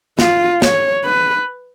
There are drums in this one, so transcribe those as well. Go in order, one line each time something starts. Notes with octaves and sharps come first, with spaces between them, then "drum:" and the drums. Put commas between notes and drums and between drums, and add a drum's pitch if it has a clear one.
F4, drum: snare
C#5, drum: snare
B4